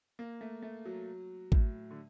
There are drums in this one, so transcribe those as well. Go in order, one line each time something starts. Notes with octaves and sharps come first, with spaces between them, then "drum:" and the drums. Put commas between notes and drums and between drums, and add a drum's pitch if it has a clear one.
A#3
A3
A3
F#3
A2, drum: kick
D3